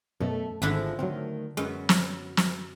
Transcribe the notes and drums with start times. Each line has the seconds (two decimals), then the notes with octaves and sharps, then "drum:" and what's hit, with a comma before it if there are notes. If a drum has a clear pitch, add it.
0.20 F#2 B2 A3
0.62 G#1 D3 F3 G#3 D4 E4
0.99 D2 D#3 F#3 C4
1.57 F#2 F#3 G#3 B3 C#4
1.89 drum: snare
2.37 drum: snare